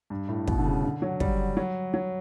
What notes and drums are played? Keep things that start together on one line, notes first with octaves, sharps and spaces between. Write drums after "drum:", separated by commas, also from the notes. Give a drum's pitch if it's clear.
G2
A2
B2, drum: kick
D3
C#3
D3
F#3
G3, drum: kick
F#3
F#3